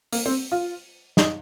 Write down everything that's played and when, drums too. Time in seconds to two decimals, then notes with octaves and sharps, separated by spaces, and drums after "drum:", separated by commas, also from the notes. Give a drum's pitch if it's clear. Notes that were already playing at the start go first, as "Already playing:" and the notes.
0.12 A#3, drum: open hi-hat
0.26 C4
0.52 F4
1.17 D#4, drum: snare